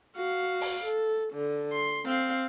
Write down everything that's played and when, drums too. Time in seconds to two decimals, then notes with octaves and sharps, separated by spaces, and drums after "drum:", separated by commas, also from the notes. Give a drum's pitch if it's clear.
0.16 F#4 F5
0.61 drum: open hi-hat
0.84 A4
1.33 D3
1.73 C6
2.06 C4 F5